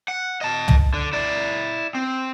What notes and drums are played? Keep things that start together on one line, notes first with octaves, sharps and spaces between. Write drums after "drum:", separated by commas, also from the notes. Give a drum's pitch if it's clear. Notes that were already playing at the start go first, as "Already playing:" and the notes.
F#5
D#5 A5
drum: tom
D3
E4 D5
C4